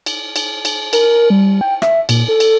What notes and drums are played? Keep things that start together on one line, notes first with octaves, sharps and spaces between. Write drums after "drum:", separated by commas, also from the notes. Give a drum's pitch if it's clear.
drum: cymbal
drum: cymbal
drum: cymbal
A#4, drum: cymbal
G3
G5
E5, drum: rim click
A#2, drum: cymbal
A4
drum: cymbal